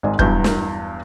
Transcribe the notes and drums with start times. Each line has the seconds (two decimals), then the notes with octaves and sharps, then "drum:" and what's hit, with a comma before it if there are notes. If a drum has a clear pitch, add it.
0.03 G#1 G#2 D5 G#5
0.19 E2 G2 F#3 B4 G6, drum: kick
0.44 drum: snare